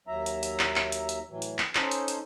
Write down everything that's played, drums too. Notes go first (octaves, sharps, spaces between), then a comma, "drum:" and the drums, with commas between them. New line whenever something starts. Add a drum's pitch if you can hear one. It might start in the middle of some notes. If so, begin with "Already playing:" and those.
D#2 F#3 E5 A#5
drum: hi-hat
drum: hi-hat
drum: clap
drum: clap
drum: hi-hat
drum: hi-hat
A2 E3 F#3
drum: hi-hat
drum: clap
C#4 D#4 A4 C5, drum: clap
drum: hi-hat
drum: hi-hat